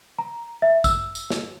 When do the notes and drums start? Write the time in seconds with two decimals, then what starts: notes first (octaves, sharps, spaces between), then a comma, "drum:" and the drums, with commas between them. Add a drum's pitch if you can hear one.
0.19 A#5
0.62 E5
0.84 E6, drum: kick A1, tambourine
1.15 drum: tambourine
1.30 drum: snare